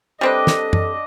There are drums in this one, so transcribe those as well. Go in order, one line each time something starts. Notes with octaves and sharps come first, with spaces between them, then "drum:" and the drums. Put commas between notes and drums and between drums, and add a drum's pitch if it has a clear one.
G3 C4 D4 A4 B4 D#5 G5 D6
drum: snare
drum: tom